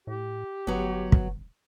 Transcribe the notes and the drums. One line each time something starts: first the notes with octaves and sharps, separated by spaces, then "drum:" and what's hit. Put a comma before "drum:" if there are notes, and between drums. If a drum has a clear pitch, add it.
A2 G4
G1 F#3 B3
drum: kick